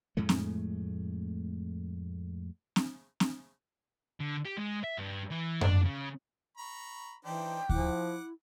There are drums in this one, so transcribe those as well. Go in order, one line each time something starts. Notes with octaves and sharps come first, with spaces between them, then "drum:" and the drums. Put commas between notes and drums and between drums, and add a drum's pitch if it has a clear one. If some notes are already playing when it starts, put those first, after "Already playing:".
F2 A2 G#3 A3
drum: snare C4
drum: snare C4
drum: snare C4
D3
G4
G#3
E5
G2
E3
D4, drum: tom F#2
C#3
A#5 B5 C#6
E3 D4 D#4 C5 G5
F3 E4 F#5 D6, drum: kick D2